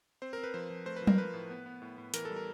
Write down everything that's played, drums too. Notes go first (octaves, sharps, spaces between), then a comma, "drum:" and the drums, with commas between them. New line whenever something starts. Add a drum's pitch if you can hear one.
C4 C5
C4 A#4
B4
F3 C5
F3
A3 C5
B4
F3
A#4, drum: tom F#3
F3 B4
A2
B3
B3
A2
A2
E3 A#4, drum: hi-hat
G3 A4
A#4